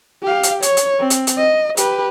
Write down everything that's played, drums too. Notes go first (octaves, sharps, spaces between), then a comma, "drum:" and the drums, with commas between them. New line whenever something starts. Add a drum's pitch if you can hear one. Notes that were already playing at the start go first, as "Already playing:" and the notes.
G4 F5
drum: hi-hat
C#5, drum: hi-hat
drum: hi-hat
C4
drum: hi-hat
drum: hi-hat
D#5
G4 B4, drum: hi-hat